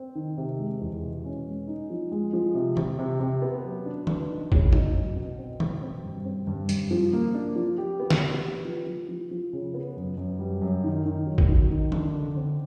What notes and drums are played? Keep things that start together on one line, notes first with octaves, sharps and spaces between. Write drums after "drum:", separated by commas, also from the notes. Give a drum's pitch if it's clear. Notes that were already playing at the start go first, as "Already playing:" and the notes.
Already playing: C4
D#3
C3
G#3
E2
B2
C#4
G#3
D#4
F3
G#3
F3
C3
C3, drum: tom D#3
C3
C3
B3
F#3
D4
D4, drum: tom D#3
D#4
C#3, drum: kick
D#4, drum: tom F2
F#3
B2
C4
B2, drum: tom D#3
C4
G2
C4
G2
G2, drum: hi-hat
F3
A#3
D4
F3
G4
B3
drum: snare
G4
G4
F3
F3
F3
F3
C#3
B3
F#2
F#2
G3
F#2
D#3
D#3
F#3
drum: kick
D#3
D#3
D4, drum: tom D#3
D3
C4